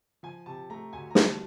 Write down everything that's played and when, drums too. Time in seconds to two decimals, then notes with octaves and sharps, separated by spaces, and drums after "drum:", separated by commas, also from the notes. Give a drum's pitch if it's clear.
0.23 F3 G#5
0.46 C3 A5
0.70 A3 A#5
0.93 D2 G#5
1.10 A#5
1.15 G3 A5, drum: snare